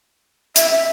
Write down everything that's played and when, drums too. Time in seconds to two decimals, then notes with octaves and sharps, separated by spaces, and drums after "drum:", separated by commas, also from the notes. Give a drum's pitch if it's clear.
0.56 E5, drum: hi-hat
0.71 E5